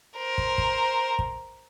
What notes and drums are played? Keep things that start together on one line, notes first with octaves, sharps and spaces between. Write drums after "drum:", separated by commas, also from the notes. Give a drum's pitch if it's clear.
A#4 C5
drum: kick
drum: kick
drum: kick